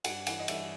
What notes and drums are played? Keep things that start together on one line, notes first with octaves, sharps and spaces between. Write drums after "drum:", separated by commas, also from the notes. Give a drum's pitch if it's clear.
G2 F#5, drum: cymbal
E3 F#5, drum: cymbal
D#5
G2 E5, drum: cymbal